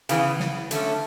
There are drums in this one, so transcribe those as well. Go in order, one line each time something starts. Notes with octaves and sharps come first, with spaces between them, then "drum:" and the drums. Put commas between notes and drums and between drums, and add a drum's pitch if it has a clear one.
C#3 E3 B3, drum: hi-hat
drum: snare
D3 A3 C#4, drum: hi-hat